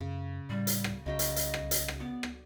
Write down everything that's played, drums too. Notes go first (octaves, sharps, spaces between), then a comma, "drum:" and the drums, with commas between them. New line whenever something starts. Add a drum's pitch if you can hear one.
F#2 C#3
A2 G3
drum: hi-hat
drum: rim click
C2 C#3 F#3 D#5 G5
drum: hi-hat
drum: hi-hat
drum: rim click
drum: hi-hat
drum: rim click
B3 D5
drum: rim click